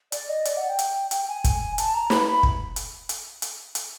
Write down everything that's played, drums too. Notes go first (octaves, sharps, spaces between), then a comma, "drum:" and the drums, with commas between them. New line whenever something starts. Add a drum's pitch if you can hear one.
D5, drum: hi-hat
D#5
D5, drum: hi-hat
F#5
G5
drum: hi-hat
G5, drum: hi-hat
G#5
drum: kick, hi-hat
A5, drum: hi-hat
A#5
B5, drum: snare
B5
drum: kick
drum: hi-hat
drum: hi-hat
drum: hi-hat
drum: hi-hat